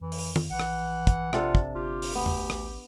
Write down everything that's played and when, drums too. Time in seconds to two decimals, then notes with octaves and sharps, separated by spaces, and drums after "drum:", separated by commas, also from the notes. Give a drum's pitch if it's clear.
0.01 F2 E3
0.12 drum: open hi-hat
0.36 drum: tom
0.50 A#1 E3 F#5
0.60 drum: rim click
1.07 drum: kick, hi-hat
1.33 C3 D4 F4 A4, drum: rim click
1.55 drum: kick
1.75 G1 F4 G4
2.02 drum: open hi-hat
2.15 D2 B3
2.26 drum: tom E2
2.50 A1, drum: rim click